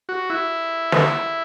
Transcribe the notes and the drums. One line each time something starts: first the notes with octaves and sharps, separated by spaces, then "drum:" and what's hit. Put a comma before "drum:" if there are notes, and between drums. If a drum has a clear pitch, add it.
F#4
E4
drum: snare